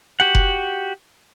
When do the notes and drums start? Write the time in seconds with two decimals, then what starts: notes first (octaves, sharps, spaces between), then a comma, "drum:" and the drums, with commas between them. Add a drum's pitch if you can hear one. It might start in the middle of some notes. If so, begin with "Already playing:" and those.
0.20 F#4 G4 F#5
0.35 drum: kick F1